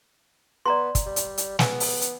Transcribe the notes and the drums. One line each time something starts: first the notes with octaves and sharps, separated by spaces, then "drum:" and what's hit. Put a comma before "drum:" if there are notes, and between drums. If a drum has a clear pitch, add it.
B3 D5 A#5 C6
drum: kick, hi-hat
G3
drum: hi-hat
drum: hi-hat
B3 G#5, drum: snare
drum: open hi-hat
drum: hi-hat